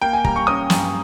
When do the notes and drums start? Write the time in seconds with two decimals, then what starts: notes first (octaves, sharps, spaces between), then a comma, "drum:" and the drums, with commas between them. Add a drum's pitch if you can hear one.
0.02 A#3 G5
0.13 G#5
0.25 G3 A#5, drum: kick
0.36 C#6
0.47 C#4 D#6
0.70 G2, drum: snare